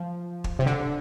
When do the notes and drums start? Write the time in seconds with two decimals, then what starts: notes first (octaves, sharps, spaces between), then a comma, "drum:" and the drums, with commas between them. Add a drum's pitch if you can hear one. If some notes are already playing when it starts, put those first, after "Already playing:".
Already playing: F3
0.44 drum: kick
0.59 C3
0.66 D3